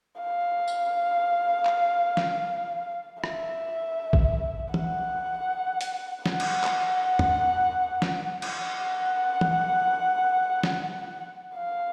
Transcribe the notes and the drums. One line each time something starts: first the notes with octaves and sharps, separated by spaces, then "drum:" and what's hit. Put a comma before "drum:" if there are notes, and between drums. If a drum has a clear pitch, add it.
F5
drum: tambourine
drum: clap
drum: snare
E5, drum: rim click
drum: kick A1
F#5, drum: tom
drum: hi-hat
F#5, drum: snare
drum: cymbal
drum: clap
drum: tom
drum: snare
drum: cymbal
F#5
drum: tom
drum: snare
F5